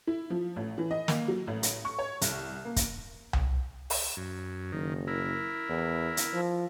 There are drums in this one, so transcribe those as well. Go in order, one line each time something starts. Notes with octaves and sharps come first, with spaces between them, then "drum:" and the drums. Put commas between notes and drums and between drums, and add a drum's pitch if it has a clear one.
E4
F3
A1
E3
D#5
A#3, drum: snare
F#3
A1
drum: hi-hat
C#6
C#5
C2, drum: hi-hat
A#3
drum: kick, hi-hat
drum: tom C2
drum: open hi-hat
F#2
F#1 D#3
E4 A#4
E2
drum: hi-hat
F3